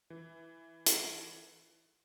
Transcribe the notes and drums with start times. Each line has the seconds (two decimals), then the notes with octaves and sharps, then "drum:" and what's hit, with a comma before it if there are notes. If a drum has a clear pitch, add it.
0.10 E3
0.86 drum: hi-hat